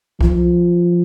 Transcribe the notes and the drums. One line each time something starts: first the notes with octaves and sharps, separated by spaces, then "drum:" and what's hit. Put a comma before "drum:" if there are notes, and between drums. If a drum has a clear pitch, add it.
F3, drum: kick C2